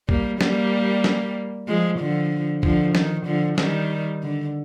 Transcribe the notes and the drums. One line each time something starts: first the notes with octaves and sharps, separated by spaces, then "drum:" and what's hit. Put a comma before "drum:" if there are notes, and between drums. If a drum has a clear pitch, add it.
G3 A#3, drum: kick B1
G3 A#3, drum: snare
drum: snare
F3 G#3
D3 F3
D3 F3, drum: kick B1
D#3, drum: snare
D3 F3
D#3 G3, drum: snare
D3